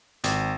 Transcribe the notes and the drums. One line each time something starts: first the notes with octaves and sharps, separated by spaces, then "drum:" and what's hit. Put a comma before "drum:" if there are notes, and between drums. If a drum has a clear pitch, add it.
G#1, drum: hi-hat